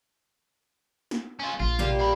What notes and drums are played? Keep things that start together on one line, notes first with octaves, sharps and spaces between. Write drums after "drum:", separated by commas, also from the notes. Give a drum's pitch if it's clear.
drum: snare
C#4 F4
A#1 F4
G3 A#3 G4, drum: tom
F5 B5